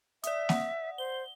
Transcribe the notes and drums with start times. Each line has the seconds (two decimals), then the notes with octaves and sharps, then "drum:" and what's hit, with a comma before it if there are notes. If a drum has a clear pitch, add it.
0.24 D5 E5 D#6, drum: hi-hat
0.49 F#5, drum: snare A#3
0.98 C5 G7